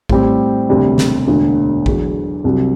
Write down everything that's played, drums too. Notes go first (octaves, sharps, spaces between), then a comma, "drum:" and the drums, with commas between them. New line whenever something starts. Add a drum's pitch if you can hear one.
A2 G3 C4 G4, drum: kick A#1
E1 D2 C3 G3 D4
drum: snare
E1 D2 D3
E2 D3 F#3, drum: kick A#1
C2 C3 F#3